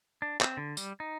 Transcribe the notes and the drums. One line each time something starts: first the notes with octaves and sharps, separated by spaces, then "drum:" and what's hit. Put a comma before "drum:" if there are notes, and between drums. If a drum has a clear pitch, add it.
D4
C4, drum: clap
D3
G3, drum: tambourine
D#4